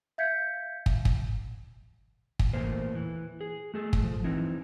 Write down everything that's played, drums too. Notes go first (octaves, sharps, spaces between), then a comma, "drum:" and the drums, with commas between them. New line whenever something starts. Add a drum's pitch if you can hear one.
E5 F5 G6 G#6 B6 C#7
drum: kick
drum: kick
drum: kick
E2 A#2 A3 A#3 C5
E3
G#4
A3 G#4 A4
drum: kick
F3
E3 C4 D#4 E4